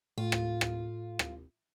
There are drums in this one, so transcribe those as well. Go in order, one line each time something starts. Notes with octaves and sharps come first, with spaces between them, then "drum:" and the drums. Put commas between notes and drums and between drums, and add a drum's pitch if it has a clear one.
A2 F4
drum: rim click
drum: rim click
drum: rim click